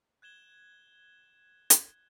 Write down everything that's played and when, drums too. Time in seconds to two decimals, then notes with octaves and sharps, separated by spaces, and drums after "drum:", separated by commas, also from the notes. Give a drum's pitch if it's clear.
0.22 F#6 G#6 E7 G7
1.70 drum: hi-hat